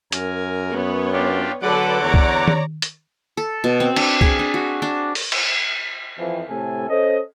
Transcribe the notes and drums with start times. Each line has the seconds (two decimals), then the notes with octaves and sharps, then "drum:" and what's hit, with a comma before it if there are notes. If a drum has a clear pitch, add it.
0.12 F#2 A#4 G#5, drum: hi-hat
0.74 F#2 B3 C#5
1.12 D4 F4 G4
1.62 D3 F#3 A4 B4 D5 F#5 D6
2.03 E2 C#5 D5 A#5
2.14 drum: kick
2.48 drum: tom D#3
2.82 drum: hi-hat
3.37 A4
3.64 B2
3.80 C4
3.96 D4, drum: cymbal
4.21 G#4, drum: kick
4.39 D4
4.54 F#4
4.82 D4
5.15 drum: open hi-hat
5.32 drum: cymbal
6.18 F2 E3
6.49 A2 C3 A3 A4 G#5
6.89 C#4 A4 C5 D#5